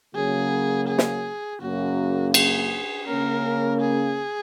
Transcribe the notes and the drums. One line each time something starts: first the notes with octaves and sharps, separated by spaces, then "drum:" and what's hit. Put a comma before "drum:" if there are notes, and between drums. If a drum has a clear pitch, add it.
C#3 F#3 A#3 G#4
G#4
drum: snare
F#2 C#3 A#3 F#4
G#4, drum: cymbal
C#3 A#3 C#4 A#4
G#4